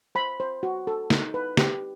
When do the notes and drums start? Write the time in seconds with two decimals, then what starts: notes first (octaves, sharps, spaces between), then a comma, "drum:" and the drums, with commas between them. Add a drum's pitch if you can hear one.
0.15 C5 B5
0.40 C5
0.63 F#4
0.87 A4
1.10 D#4, drum: snare
1.34 B4
1.57 G4, drum: snare